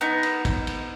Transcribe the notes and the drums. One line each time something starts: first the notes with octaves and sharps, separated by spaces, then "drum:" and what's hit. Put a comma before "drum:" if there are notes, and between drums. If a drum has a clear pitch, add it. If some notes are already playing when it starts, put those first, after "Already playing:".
B3 D#4
drum: cymbal
drum: kick, cymbal
drum: cymbal